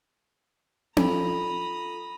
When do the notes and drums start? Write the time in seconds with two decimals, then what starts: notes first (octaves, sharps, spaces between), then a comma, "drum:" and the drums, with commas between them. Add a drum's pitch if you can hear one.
0.97 F4 A4 A#5 B5 D#6, drum: tom C4